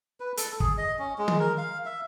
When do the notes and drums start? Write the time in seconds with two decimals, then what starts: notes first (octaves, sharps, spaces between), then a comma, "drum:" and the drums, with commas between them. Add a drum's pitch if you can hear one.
0.20 B4
0.37 A4, drum: hi-hat
0.60 G#4, drum: kick
0.78 D#5
0.99 C#4
1.18 G#3
1.28 drum: tom D#3
1.40 A#4
1.58 F5
1.85 E5